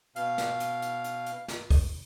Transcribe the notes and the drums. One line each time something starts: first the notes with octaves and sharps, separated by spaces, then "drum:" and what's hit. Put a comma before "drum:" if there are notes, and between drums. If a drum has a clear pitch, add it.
B2 F5, drum: hi-hat
drum: snare
drum: hi-hat
drum: hi-hat
drum: hi-hat
drum: hi-hat
drum: snare
drum: kick, open hi-hat